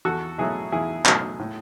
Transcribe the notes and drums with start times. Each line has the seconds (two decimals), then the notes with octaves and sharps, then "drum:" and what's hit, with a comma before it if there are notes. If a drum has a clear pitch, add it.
0.05 E2 F#4 A4
0.38 B2 F#3 A3 E4 G#4
0.72 E2 E4 G#4
1.05 B2 F#3 A3, drum: clap
1.39 A2